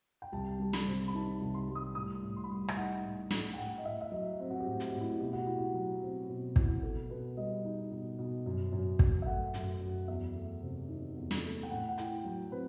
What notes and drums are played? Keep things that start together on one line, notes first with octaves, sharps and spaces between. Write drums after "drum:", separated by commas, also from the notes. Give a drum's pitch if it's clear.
G5
C2 A5
G3
B5, drum: snare
C3
B5
D#3 A5
C2
C6
G3
D#6
A2 D#6
A2
C6
B5
G3 C6
E5, drum: rim click
D#4 F#5
A2
A2, drum: snare
G5
A2 F#5
D#5
A2 E5
E5
F#3 D#5
C4
F#4
G4
A2
F#4, drum: hi-hat
A2 F#4
E4
B2 G4
F#4
E4
F#4
F#3
C4
B2
E4, drum: kick
B2 A4
B2 B4
G3 D#5
D#4
B2
B2
F#2
F#2
F#3, drum: kick
E5
A3 F#5
F#2, drum: hi-hat
F#2
E2 E5
A3
C3
D#3
E2
drum: snare
A3
G5
A2 F#5
F#5
E4 G5, drum: hi-hat
F#3
C4 B4